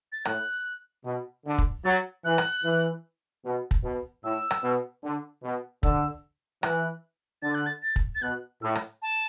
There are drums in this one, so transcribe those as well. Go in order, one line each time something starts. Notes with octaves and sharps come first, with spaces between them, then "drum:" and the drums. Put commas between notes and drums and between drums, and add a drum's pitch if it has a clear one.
A6
A2 F#6, drum: rim click
B2
D3
drum: kick
F#3 A6
E3 F#6
drum: rim click
E3
B2
drum: kick
B2
A2 E6
drum: rim click
B2
D3
B2
D3 E6, drum: kick
E3 F#6, drum: rim click
D3 A6
F#6
A6
A6
drum: kick
A6
B2 F#6
A2 E6
drum: rim click
A5